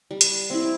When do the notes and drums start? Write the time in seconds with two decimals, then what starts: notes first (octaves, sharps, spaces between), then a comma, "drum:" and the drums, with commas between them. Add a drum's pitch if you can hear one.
0.11 G3
0.21 drum: hi-hat
0.50 C4 E4